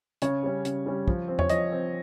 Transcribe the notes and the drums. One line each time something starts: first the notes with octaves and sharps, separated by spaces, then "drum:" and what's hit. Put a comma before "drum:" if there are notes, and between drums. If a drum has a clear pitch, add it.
C#3 C#5, drum: hi-hat
G3 C#4
C#3, drum: hi-hat
G3 C#4
F3, drum: kick
C4
C#5, drum: tom E2
F3 D#5, drum: hi-hat
C4